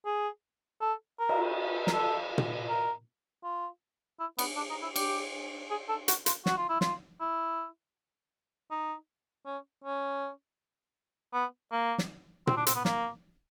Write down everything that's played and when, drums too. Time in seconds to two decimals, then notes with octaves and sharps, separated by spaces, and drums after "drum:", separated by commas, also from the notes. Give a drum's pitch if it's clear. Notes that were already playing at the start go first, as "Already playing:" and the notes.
0.06 G#4
0.82 A4
1.19 A#4
1.29 drum: cymbal
1.87 A#4, drum: snare
1.94 A4
2.38 drum: tom A#2
2.69 A#4
3.44 F4
4.20 E4
4.39 B3, drum: cymbal
4.57 D4
4.70 D#4
4.82 E4
4.96 G4, drum: cymbal
5.71 G#4
5.89 A4
6.08 F#4, drum: hi-hat
6.26 F4, drum: hi-hat
6.46 F#4, drum: snare
6.58 F4
6.69 E4
6.81 F4, drum: snare
7.21 E4
8.71 D#4
9.46 C#4
9.84 C#4
11.34 B3
11.72 A#3
11.98 drum: snare
12.47 C4, drum: tom A#2
12.57 D4
12.67 C4, drum: hi-hat
12.76 B3
12.85 A#3, drum: snare